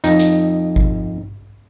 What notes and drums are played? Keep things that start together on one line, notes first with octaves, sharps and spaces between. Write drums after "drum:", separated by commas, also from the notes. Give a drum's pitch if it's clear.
F2 D#4, drum: hi-hat
drum: hi-hat
drum: kick G#1